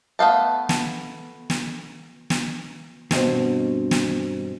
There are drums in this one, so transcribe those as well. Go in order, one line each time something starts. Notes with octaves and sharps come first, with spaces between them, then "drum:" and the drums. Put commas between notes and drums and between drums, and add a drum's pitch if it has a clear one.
A3 B3 F5 A5
drum: snare
drum: snare
drum: snare
G2 B2 C4, drum: snare
drum: snare